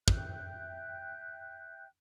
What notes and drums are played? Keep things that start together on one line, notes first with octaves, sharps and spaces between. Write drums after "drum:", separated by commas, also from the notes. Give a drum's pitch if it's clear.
E5 G5 F#6 G6, drum: kick